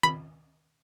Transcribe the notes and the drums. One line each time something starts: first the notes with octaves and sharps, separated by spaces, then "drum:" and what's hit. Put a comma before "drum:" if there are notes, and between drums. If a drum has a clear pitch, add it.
B5, drum: tom D#3